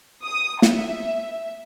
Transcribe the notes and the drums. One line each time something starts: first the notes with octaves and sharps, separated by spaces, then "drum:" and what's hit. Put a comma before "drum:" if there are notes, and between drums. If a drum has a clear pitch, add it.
D#6
E5, drum: snare